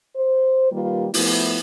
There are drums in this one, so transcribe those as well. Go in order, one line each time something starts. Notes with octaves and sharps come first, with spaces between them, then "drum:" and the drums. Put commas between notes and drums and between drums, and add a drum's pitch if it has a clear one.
C5
D#3 G3 A#3 F4 G4 B4
F3 A3 B3 E4, drum: open hi-hat